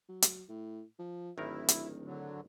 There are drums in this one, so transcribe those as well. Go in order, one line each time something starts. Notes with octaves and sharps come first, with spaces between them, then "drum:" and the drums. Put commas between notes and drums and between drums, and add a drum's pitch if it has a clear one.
F#3
drum: hi-hat
A2
F3
D1 G#1 D#3 E4 A#4
drum: hi-hat
D3 F#3